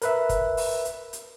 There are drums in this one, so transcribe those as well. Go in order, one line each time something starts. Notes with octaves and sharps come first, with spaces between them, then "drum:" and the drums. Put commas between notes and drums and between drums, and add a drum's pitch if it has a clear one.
A#4 B4 E5, drum: hi-hat
drum: kick, hi-hat
drum: open hi-hat
drum: hi-hat
drum: hi-hat